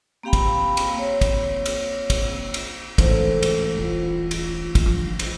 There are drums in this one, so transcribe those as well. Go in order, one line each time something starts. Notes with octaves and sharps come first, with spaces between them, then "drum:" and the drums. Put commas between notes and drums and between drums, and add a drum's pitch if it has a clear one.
A#3 C4 G4 F5 G5 B5
drum: kick, cymbal
drum: cymbal
A#3 C4 C#5
drum: kick, cymbal
drum: cymbal
drum: kick, cymbal
drum: cymbal
A1 G#2 A3 C5, drum: kick, cymbal
drum: cymbal
D#1 F4
drum: cymbal
drum: kick, cymbal
F3 D4
drum: cymbal